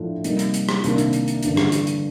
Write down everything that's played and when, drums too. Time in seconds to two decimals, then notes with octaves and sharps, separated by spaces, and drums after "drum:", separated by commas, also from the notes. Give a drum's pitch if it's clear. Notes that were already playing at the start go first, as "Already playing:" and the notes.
Already playing: A2 F3 A3 D4
0.24 C3 G3 A#3 D#4, drum: hi-hat
0.39 drum: hi-hat
0.54 drum: hi-hat
0.69 drum: rim click
0.84 C2 C3 D#3 A#3 D4, drum: hi-hat
0.98 drum: hi-hat
1.13 drum: hi-hat
1.28 drum: hi-hat
1.43 A1 G2 D3, drum: hi-hat
1.57 drum: rim click
1.72 drum: hi-hat
1.87 drum: hi-hat